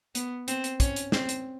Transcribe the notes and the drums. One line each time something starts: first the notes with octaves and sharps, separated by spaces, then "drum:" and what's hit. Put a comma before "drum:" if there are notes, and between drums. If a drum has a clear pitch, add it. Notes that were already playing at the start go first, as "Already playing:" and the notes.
B3, drum: hi-hat
C4, drum: hi-hat
drum: hi-hat
C#4, drum: kick, hi-hat
drum: hi-hat
C4, drum: snare
drum: hi-hat